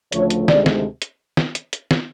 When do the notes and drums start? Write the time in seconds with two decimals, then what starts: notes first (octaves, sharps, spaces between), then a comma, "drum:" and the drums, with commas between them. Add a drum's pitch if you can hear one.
0.12 D2 C#3 F3 A3 C#5, drum: hi-hat
0.30 drum: hi-hat
0.48 D2 C3 D#3 G#3 D5, drum: snare
0.66 drum: snare
1.02 drum: hi-hat
1.37 drum: snare
1.55 drum: hi-hat
1.73 drum: hi-hat
1.91 drum: snare